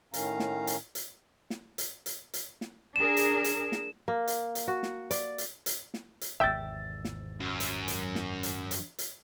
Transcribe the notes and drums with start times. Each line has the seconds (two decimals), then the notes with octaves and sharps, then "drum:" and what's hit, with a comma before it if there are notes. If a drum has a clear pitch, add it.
0.14 A2 D#3 C#4 F5 A#5, drum: hi-hat
0.40 drum: snare
0.67 drum: hi-hat
0.95 drum: hi-hat
1.50 drum: snare
1.78 drum: hi-hat
2.06 drum: hi-hat
2.34 drum: hi-hat
2.61 drum: snare
2.96 D4 G#4 A#4 E7
3.17 drum: hi-hat
3.44 drum: hi-hat
3.72 drum: snare
4.08 A#3
4.27 drum: hi-hat
4.55 drum: hi-hat
4.68 F#4
4.83 drum: snare
5.11 D5, drum: hi-hat
5.38 drum: hi-hat
5.66 drum: hi-hat
5.94 drum: snare
6.21 drum: hi-hat
6.40 G#1 E2 C3 E5 G5 E6 A6
7.05 drum: snare
7.40 F#2
7.60 drum: hi-hat
7.88 drum: hi-hat
8.15 drum: snare
8.43 drum: hi-hat
8.71 drum: hi-hat
8.98 drum: hi-hat